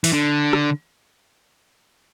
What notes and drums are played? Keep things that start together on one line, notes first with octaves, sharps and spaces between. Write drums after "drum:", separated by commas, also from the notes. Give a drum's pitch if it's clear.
E3, drum: open hi-hat
D3
drum: rim click